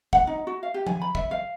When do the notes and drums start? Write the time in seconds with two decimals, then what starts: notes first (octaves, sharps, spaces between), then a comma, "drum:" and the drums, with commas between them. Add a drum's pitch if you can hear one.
0.13 F#5, drum: kick
0.27 D#4
0.47 F#4
0.63 F5
0.74 G4
0.87 G#5, drum: tom
1.01 B5
1.15 E5, drum: kick
1.31 F5